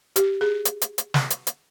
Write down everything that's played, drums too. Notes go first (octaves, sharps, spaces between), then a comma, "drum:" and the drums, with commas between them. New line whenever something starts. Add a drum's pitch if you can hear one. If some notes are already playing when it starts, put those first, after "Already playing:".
G4, drum: hi-hat
G#4
drum: hi-hat
drum: hi-hat
drum: hi-hat
drum: snare
drum: hi-hat
drum: hi-hat